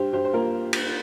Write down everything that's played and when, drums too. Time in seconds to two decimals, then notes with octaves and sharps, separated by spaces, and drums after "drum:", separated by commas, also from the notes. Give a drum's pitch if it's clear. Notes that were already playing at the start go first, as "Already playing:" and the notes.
Already playing: G2 G4 C5
0.13 G2 G4 C5
0.24 C5
0.33 A#3 F4 A#4
0.73 drum: cymbal